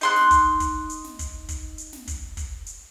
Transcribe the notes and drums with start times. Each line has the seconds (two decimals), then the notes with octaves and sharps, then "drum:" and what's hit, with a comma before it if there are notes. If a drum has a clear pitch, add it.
0.01 D#4 C6 F#6, drum: hi-hat
0.16 drum: snare
0.31 drum: kick, hi-hat
0.60 drum: kick, hi-hat
0.90 drum: hi-hat
1.04 drum: snare
1.19 drum: kick, hi-hat
1.49 drum: kick, hi-hat
1.78 drum: hi-hat
1.93 drum: snare
2.07 drum: kick, hi-hat
2.37 drum: kick, hi-hat
2.66 drum: hi-hat